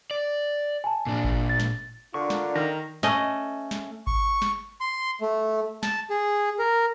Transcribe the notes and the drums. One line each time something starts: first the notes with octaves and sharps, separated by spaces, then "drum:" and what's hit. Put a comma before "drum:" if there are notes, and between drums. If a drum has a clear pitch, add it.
D5
G#5 A5
A#2 D4
drum: kick G#1
A6
drum: snare
D3 D4 F4 A#4 C#6
drum: snare
D#3 A#5 F6
A3 C#4 D#5, drum: snare
drum: snare
C#6, drum: kick G#1
drum: snare
C6
A3
A5, drum: snare
G#4
A#4